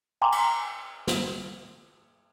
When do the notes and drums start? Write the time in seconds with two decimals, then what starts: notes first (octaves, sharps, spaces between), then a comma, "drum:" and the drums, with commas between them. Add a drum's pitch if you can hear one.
0.22 G5 G#5 A#5 C6 D6
0.32 drum: cymbal
1.07 drum: snare